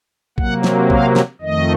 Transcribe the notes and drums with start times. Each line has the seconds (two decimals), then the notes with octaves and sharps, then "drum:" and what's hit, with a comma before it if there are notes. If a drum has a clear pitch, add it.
0.38 C3 F#3 A#3 F#5, drum: kick
0.64 drum: snare
0.90 F5, drum: kick
1.16 drum: snare
1.41 F2 D#3 A3 D#5